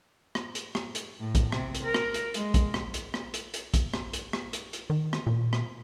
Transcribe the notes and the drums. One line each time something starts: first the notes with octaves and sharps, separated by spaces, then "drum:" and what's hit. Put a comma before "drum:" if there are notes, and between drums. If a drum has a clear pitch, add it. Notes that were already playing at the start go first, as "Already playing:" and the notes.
drum: rim click
drum: hi-hat
drum: rim click
drum: hi-hat
A2
drum: kick A#1, hi-hat
C3, drum: rim click
drum: hi-hat
A#4
drum: rim click
drum: hi-hat
G#3, drum: hi-hat
drum: kick A#1, hi-hat
drum: rim click
drum: hi-hat
drum: rim click
drum: hi-hat
drum: hi-hat
drum: kick A#1, hi-hat
drum: rim click
drum: hi-hat
drum: rim click
drum: hi-hat
drum: hi-hat
D#3
drum: rim click
A#2
drum: rim click